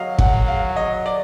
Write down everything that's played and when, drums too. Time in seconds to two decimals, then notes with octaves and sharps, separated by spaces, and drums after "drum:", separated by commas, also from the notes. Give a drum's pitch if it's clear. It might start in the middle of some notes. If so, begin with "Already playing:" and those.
Already playing: F#3 D#5 F5
0.19 F#5, drum: kick
0.48 F5
0.76 D#5
1.06 D5